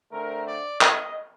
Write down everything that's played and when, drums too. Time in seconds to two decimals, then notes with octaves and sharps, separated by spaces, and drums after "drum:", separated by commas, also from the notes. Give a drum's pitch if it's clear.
0.12 D3 A3 C4 A#4
0.47 D5
0.81 D#5, drum: clap